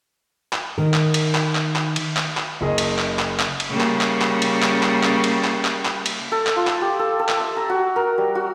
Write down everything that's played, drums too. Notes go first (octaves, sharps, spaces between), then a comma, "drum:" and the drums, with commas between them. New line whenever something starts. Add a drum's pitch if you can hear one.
drum: clap
D#3 A#4
drum: clap
drum: cymbal
drum: clap
drum: clap
drum: clap
drum: cymbal
drum: clap
drum: clap
F#1 G#4 D#5
drum: cymbal
drum: clap
drum: clap
drum: clap
drum: cymbal
C#3 G3 A#3
drum: clap
drum: clap
drum: clap
drum: cymbal
drum: clap
drum: clap
drum: clap
drum: cymbal
drum: clap
drum: clap
drum: clap
drum: cymbal
A4
drum: clap
F4
drum: clap
G4
A4
A4
drum: clap
E5
A#5
F#4
A#4
G3
F#4